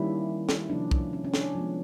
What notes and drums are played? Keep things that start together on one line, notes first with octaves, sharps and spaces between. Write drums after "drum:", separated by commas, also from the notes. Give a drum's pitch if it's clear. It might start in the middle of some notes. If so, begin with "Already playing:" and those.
Already playing: D#3 G3 A#3 C#4 E4
drum: snare
C3 F3 A#3 C#4 D4
drum: kick
C#4
C#4
D4, drum: snare
F3 G#3 B3